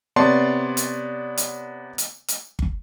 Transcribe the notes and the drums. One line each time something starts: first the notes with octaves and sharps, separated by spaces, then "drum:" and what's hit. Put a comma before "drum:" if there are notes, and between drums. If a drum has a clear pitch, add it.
C3 B3 C#5 D5 A5 C6
drum: hi-hat
drum: hi-hat
drum: hi-hat
drum: hi-hat
drum: kick G1